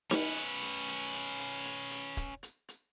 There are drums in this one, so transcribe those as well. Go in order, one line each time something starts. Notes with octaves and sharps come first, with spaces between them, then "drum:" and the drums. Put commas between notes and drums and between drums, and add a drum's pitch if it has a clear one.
C#4 B4, drum: snare D#4
drum: hi-hat
drum: hi-hat
drum: hi-hat
drum: hi-hat
drum: hi-hat
drum: hi-hat
drum: hi-hat
drum: kick D#1, hi-hat
drum: hi-hat
drum: hi-hat